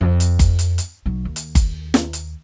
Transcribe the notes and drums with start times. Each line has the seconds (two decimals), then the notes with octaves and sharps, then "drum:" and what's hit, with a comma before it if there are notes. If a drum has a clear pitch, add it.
0.01 F2
0.20 drum: hi-hat
0.39 drum: kick G1, hi-hat
0.59 drum: hi-hat
0.78 drum: hi-hat
1.06 B1 F#3
1.25 D#2
1.36 drum: hi-hat
1.55 drum: kick G1, hi-hat
1.94 drum: snare
2.13 drum: hi-hat